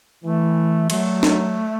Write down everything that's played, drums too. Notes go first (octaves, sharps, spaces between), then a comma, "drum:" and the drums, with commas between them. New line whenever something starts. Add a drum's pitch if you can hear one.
E3 A3
F#3 A3, drum: cymbal
drum: snare